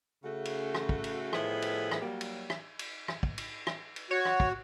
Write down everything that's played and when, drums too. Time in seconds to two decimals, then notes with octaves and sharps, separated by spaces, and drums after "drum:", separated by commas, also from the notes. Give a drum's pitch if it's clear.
0.23 C#3 A3 F#4
0.45 drum: cymbal
0.75 drum: rim click
0.89 drum: kick
1.04 drum: cymbal
1.33 A2 D#3 F3 B3 E4 G#4, drum: rim click
1.62 drum: cymbal
1.91 drum: rim click
2.01 F#3 G3 A#3
2.21 drum: cymbal
2.50 drum: rim click
2.79 drum: cymbal
3.08 drum: rim click
3.23 drum: kick
3.38 drum: cymbal
3.67 drum: rim click
3.96 drum: cymbal
4.11 F#4 C#5
4.25 drum: rim click
4.40 drum: kick